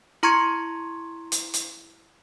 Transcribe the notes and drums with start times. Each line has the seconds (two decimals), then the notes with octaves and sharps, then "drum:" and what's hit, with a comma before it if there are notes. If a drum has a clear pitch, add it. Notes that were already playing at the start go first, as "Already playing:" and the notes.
0.23 E4 A#5 C6 C#6 G#6 C#7
1.32 drum: hi-hat
1.54 drum: hi-hat